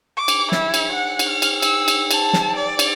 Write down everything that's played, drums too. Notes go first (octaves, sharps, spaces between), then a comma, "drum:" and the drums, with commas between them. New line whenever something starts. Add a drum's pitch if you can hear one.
D6
drum: cymbal
E4, drum: snare
drum: cymbal
F#5
drum: cymbal
F6
drum: cymbal
E6, drum: cymbal
drum: cymbal
A5, drum: cymbal
drum: snare
D5
drum: cymbal